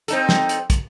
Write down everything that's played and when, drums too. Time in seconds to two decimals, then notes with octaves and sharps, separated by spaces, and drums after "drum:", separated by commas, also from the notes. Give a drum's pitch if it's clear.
0.08 C4 D#4 A4, drum: hi-hat
0.29 drum: snare
0.49 drum: hi-hat
0.70 drum: kick, hi-hat